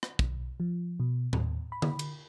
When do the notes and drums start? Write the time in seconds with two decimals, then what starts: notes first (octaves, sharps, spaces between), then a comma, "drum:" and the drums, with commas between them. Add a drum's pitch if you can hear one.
0.03 drum: rim click
0.19 B1, drum: kick
0.60 F3
1.00 B2
1.33 D#2, drum: tom A2
1.72 B5
1.82 drum: tom D3
1.99 drum: cymbal